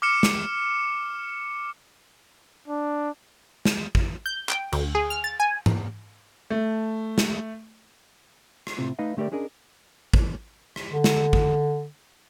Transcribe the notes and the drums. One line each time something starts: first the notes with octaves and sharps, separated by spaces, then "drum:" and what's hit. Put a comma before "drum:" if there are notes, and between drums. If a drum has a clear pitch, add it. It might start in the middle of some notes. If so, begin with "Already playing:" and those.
D6 F6 C#7 E7
drum: snare
D4
drum: snare
drum: kick
G6
G5, drum: clap
D2, drum: cymbal
G#4
F6
A6
G#5
drum: tom G#2
A3
drum: snare
drum: rim click
A2 C3 C4 F4
A3 D#4 B4 D#5 F5
D3 A3 G4 A#4 D5
C#4 D4 G#4 A#4 D#5
drum: kick
drum: rim click
D3
drum: snare
drum: kick